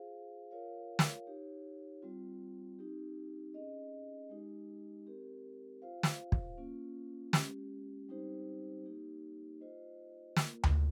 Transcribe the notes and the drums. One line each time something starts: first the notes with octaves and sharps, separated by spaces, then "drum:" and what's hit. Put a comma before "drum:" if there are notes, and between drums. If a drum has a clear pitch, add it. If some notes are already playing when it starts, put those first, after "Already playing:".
Already playing: F4 G#4 C5 F5
F4 A#4 C#5 F5
drum: snare
D#4 G4 C#5
G3 C4 F4
C4 D#4 G4
C#4 G#4 D#5
G#3 D#4 G4
C4 G4 A#4
F4 C5 F5
drum: snare
drum: kick
A#3 C#4 F4
G#3 C#4 G4, drum: snare
G3 C4 D#4 G4 C5
A#3 D#4 G4
F4 C5 D#5
A#3 F4 A#4, drum: snare
drum: tom D2